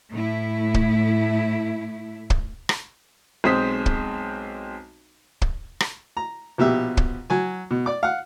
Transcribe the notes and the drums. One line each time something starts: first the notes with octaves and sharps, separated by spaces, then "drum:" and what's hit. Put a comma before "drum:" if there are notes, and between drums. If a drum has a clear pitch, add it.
A2 A3 E4
drum: kick
drum: kick
drum: rim click
B1 G#3 C4 C5 D#6 B6
drum: kick
drum: kick
drum: rim click
A#5
A#1 B2 G4 E5
drum: kick
F#3 G#5
B2
D5 D6
F5 F#5